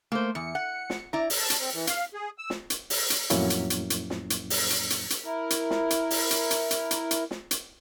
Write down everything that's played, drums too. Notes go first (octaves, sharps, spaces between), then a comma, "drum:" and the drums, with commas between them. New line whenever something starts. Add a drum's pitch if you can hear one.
A3 A#3 C5
E2 C#7
F#5
drum: snare
E4 D5 A#5
drum: open hi-hat
A5
drum: hi-hat
C4
E3
F5, drum: hi-hat
G#4
E6
drum: snare
drum: hi-hat
drum: open hi-hat
drum: hi-hat
F2 A2 F#3 A#3 C#4 E4, drum: hi-hat
drum: hi-hat
drum: hi-hat
drum: hi-hat
drum: snare
drum: hi-hat
drum: open hi-hat
drum: hi-hat
drum: hi-hat
drum: hi-hat
E4 A#4
drum: hi-hat
drum: snare
drum: hi-hat
drum: open hi-hat
drum: hi-hat
drum: hi-hat
drum: hi-hat
drum: hi-hat
drum: hi-hat
drum: snare
drum: hi-hat